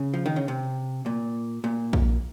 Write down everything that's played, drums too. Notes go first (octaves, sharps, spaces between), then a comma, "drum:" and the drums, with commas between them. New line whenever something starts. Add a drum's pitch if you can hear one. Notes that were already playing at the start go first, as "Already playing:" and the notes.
Already playing: C#3
F3
D#3
C#3
C3
A#2
A#2
drum: kick A#1